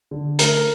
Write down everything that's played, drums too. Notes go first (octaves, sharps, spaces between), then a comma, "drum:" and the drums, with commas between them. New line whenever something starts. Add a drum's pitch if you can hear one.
D3
A3 A#4, drum: hi-hat